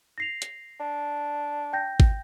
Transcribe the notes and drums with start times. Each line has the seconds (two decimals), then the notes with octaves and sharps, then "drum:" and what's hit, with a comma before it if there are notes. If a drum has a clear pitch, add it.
0.18 A#6 C7 F7
0.42 drum: hi-hat
0.80 D4
1.73 G5 G6 A#6
2.00 drum: kick G#1